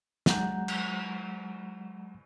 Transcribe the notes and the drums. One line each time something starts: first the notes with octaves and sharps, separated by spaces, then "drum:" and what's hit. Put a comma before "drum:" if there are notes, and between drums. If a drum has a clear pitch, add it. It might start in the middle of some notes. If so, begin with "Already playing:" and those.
F#3 G#3 F#5 A#5 G6, drum: snare
drum: cymbal